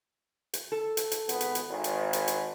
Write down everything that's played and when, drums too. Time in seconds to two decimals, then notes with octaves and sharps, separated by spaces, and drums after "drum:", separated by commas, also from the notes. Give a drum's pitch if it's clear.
0.54 drum: hi-hat
0.72 A4
0.97 drum: hi-hat
1.12 drum: hi-hat
1.29 G#1 B3, drum: hi-hat
1.41 drum: hi-hat
1.55 drum: hi-hat
1.70 G#1
1.84 drum: hi-hat
2.13 drum: hi-hat
2.28 drum: hi-hat